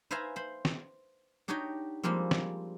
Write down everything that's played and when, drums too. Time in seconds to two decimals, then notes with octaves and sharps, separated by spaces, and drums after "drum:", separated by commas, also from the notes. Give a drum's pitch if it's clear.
0.11 B4 C5 E5 F5 G#5 A#5
0.36 C5 B5
0.65 drum: snare
1.48 D4 D#4 F#4 G4 C#5 D#5
2.03 F3 G3 G#3 A#3 C4
2.31 drum: snare